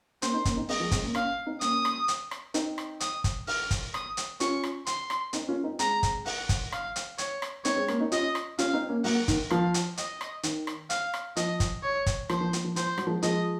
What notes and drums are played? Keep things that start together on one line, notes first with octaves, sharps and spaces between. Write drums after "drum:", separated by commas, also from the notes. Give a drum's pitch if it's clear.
A#3 C#4 C5, drum: hi-hat
C4 D#4
A#3 C#4, drum: kick, hi-hat
C4 D#4
G#3 C4 D#5, drum: open hi-hat
F3 G#3
G#3 C4, drum: kick, hi-hat
A#3 C#4
A#3 C#4 F5, drum: rim click
C4 D#4
A#3 C#4 D#6, drum: hi-hat
drum: rim click
drum: hi-hat
drum: rim click
C4 D#4, drum: hi-hat
drum: rim click
D#6, drum: hi-hat
drum: kick, hi-hat
F6, drum: open hi-hat
drum: kick, hi-hat
D#6, drum: rim click
drum: hi-hat
C#4 F4 C#6, drum: hi-hat
drum: rim click
C6, drum: hi-hat
drum: rim click
C4 D#4, drum: hi-hat
C#4 F4
C4 D#4
G#3 C4 A#5, drum: hi-hat
drum: kick, hi-hat
F#5, drum: open hi-hat
drum: kick, hi-hat
F5, drum: rim click
drum: hi-hat
C#5, drum: hi-hat
drum: rim click
C4 D#4 C#5, drum: hi-hat
G#3 C4
A#3 C#4, drum: rim click
C4 D#4
C#4 F4 D#5, drum: hi-hat
drum: rim click
C#4 F4 F5, drum: hi-hat
C4 D#4
A#3 C#4
F#3 A#3 F#5, drum: open hi-hat
D#3, drum: kick, hi-hat
F3 F5, drum: rim click
drum: hi-hat
D#5, drum: hi-hat
drum: rim click
D#3, drum: hi-hat
drum: rim click
F5, drum: hi-hat
drum: rim click
F3 D#5, drum: hi-hat
drum: kick, hi-hat
C#5
drum: kick, hi-hat
F3 C5, drum: rim click
F3
F3, drum: hi-hat
F3
F3 C5, drum: hi-hat
F#3, drum: rim click
F3 G#3
F3 G#3 D#5, drum: hi-hat